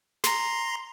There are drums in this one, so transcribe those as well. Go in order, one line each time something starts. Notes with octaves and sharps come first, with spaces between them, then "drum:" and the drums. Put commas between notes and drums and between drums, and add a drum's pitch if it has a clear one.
A#5 C6, drum: snare